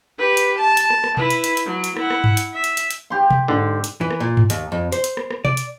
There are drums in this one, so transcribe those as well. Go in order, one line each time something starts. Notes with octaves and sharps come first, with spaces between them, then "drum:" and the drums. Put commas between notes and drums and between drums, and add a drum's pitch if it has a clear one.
G4 B4
drum: hi-hat
A5
drum: hi-hat
drum: rim click
drum: rim click
E4 B4, drum: tom B2
drum: hi-hat
drum: hi-hat
drum: hi-hat
F#3
drum: hi-hat
E4 F#5, drum: rim click
drum: rim click
drum: tom G2
drum: hi-hat
E5
drum: hi-hat
drum: hi-hat
drum: hi-hat
G4 C6
drum: tom B2
G#2 D3
drum: hi-hat
E3
drum: rim click
A#2
drum: tom G2
D#2, drum: hi-hat
F2
C5, drum: hi-hat
drum: hi-hat
drum: rim click
drum: rim click
D5, drum: tom B2
drum: hi-hat